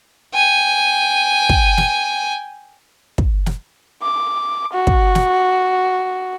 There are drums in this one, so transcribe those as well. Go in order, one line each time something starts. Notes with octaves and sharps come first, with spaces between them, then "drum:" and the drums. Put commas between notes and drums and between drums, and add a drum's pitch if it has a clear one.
G5 G#5
drum: kick
drum: snare
drum: kick
drum: snare
D6
F#4
drum: kick
drum: snare